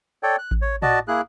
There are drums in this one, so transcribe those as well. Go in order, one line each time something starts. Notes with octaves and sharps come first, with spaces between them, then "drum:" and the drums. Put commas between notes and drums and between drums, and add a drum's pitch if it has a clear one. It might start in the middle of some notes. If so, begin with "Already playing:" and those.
A4 C#5 D5 G5
F#6
drum: kick A1
C#5
F#4 D5 D#5 A5, drum: tom A2
A#3 E4 G#4 F#6